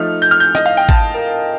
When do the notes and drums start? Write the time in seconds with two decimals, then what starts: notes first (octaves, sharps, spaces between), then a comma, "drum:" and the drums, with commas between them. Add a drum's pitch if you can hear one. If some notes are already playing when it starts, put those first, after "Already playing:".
Already playing: F3 A3 D#4 F6
0.22 G6
0.31 F6
0.40 G6
0.55 D#5, drum: rim click
0.66 F5
0.77 G5
0.89 A5, drum: kick
1.14 A#4